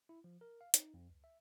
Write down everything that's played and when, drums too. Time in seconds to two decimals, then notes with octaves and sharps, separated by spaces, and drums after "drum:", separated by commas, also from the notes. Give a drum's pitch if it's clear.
0.09 E4
0.24 F3
0.41 A#4
0.61 F5
0.74 D#4, drum: hi-hat
0.94 F2
1.09 C#2
1.24 E5